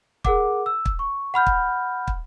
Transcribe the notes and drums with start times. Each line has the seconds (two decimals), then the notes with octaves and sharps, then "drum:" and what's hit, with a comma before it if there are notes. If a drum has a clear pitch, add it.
0.25 G#4 A#4 F#5 D6, drum: kick
0.66 E6
0.86 drum: kick
0.99 C#6
1.34 F#5 B5 F6 G6
1.47 drum: kick
2.08 drum: kick